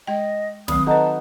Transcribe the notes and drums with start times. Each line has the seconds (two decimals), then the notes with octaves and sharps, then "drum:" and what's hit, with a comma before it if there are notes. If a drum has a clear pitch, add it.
0.07 G#3 D#5 G5
0.68 D#3 F#3 C4 B4 D#6, drum: snare
0.87 D#4 F#4 A4 B4 F#5 A5